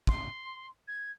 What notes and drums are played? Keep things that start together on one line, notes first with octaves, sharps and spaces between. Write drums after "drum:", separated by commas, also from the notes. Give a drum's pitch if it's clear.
C6, drum: kick
G#6